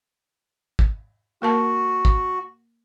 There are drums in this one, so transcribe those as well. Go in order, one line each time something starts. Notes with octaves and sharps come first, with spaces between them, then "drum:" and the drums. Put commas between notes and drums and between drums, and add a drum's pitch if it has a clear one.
drum: kick
A#3 F#4 A#4 A5
drum: kick